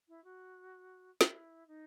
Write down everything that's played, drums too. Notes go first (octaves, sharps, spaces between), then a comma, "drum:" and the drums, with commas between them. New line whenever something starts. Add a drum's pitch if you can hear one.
E4
F#4
E4, drum: snare
D#4